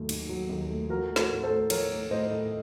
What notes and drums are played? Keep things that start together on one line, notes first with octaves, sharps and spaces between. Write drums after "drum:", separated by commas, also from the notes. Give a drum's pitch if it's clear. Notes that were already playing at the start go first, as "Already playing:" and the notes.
Already playing: D#2 F#3 A3
D#3, drum: cymbal
F#3
D#2
A3
F3 F#4 A#4
A3
F#4 A#4, drum: snare
A2
A4 C5
A2
F3 A#4 C#5, drum: cymbal
A3
A2 C5 D#5
A2